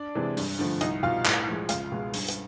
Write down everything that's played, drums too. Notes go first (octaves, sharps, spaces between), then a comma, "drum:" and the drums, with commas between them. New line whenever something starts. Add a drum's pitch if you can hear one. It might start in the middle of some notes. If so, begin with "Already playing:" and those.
Already playing: D4 D5
C3 E3 G#3
G2, drum: open hi-hat
D3 F3 A3
C2 D#4 D#5, drum: hi-hat
B2 G3 F4 F5
A2, drum: clap
F3 G#3
C#2 F4 F5, drum: hi-hat
B2 G#3
G2, drum: open hi-hat
drum: hi-hat